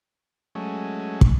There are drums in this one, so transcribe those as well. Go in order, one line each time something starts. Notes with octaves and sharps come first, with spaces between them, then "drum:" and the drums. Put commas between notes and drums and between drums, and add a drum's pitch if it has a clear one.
F#3 G#3 A3 C#4
drum: kick